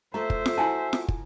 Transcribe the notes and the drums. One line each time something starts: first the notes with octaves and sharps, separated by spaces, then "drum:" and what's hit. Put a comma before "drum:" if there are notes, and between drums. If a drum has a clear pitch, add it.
A3 F4 A4 C5 E5 A#5
drum: kick
drum: snare
E4 F#4 G#5 A5
drum: snare
drum: kick